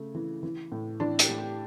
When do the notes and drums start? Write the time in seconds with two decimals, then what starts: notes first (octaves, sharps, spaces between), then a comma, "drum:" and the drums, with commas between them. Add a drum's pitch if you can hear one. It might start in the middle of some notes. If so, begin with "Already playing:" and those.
Already playing: C#3 A3
0.15 E3
0.43 E3
0.72 A2
1.00 E3 D4
1.19 G4, drum: hi-hat
1.29 A2
1.38 G4